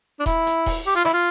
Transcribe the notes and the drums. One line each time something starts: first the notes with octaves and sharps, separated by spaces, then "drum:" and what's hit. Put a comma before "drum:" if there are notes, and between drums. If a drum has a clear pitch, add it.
D4
E4, drum: kick D#1, hi-hat
drum: hi-hat
drum: kick D#1, open hi-hat
G4
F4
E4, drum: rim click
F4